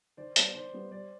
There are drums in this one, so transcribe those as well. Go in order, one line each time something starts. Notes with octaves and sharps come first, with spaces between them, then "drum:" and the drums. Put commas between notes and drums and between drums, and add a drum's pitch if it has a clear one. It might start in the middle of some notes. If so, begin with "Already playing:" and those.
D#3 C5 D5
G3 B3 C5 D5, drum: hi-hat
D#3 C5 D5
G3 B3
G3 C5 D5